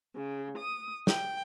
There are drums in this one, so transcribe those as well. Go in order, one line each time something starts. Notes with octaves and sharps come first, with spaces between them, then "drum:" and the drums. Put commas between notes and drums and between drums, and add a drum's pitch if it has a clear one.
C#3
D#6
G5, drum: snare